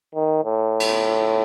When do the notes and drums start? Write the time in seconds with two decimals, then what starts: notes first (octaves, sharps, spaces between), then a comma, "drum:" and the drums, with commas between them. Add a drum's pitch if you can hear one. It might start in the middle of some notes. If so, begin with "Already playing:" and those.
0.15 D#3
0.45 A2
0.80 drum: cymbal